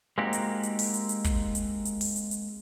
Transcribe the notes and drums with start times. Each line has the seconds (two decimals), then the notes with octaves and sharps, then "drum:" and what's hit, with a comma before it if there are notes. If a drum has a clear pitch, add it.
0.18 G#3 A#3 C4 D#4 F#4 G4
0.33 drum: hi-hat
0.63 drum: hi-hat
0.79 drum: open hi-hat
0.94 drum: hi-hat
1.09 drum: hi-hat
1.24 drum: kick, hi-hat
1.55 drum: hi-hat
1.85 drum: hi-hat
2.01 drum: open hi-hat
2.16 drum: hi-hat
2.31 drum: hi-hat